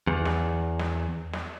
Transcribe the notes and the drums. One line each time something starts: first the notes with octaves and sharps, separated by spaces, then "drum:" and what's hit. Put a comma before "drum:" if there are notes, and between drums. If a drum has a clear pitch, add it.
E2
drum: snare
drum: snare
drum: snare